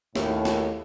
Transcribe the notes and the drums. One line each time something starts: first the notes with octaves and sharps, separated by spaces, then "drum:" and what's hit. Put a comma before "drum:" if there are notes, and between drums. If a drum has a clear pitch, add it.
D#2 A2, drum: snare
drum: snare